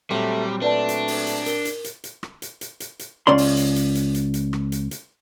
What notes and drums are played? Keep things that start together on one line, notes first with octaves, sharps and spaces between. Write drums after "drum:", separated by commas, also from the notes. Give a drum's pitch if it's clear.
A#2 F#3 G3 A3 C4
A3 D4 B4 D5 A5
drum: hi-hat
drum: open hi-hat
drum: hi-hat
A#4 G7, drum: hi-hat
drum: hi-hat
drum: hi-hat
drum: hi-hat
drum: rim click
drum: hi-hat
drum: hi-hat
drum: hi-hat
drum: hi-hat
C#2 C#4 D5 C6
drum: open hi-hat
drum: hi-hat
drum: hi-hat
drum: hi-hat
drum: hi-hat
drum: hi-hat
drum: rim click
drum: hi-hat
drum: hi-hat